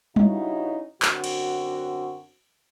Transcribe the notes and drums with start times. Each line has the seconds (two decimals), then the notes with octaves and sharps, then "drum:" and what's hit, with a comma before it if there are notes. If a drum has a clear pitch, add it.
0.16 G2 C#3 C#4 D#4 E4 F#4, drum: tom G3
1.02 F#2 D3 C4 F#4, drum: clap
1.24 drum: cymbal